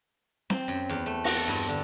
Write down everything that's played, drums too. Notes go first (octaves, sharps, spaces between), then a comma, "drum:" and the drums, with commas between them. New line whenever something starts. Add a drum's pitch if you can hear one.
C4, drum: snare C4
F#2
E2
A3
F#4, drum: open hi-hat
A4
G2
D3